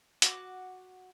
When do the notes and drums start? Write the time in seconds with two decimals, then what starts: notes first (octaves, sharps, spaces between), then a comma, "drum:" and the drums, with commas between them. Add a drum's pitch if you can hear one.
0.22 F#4 F#5 C#6 D6, drum: hi-hat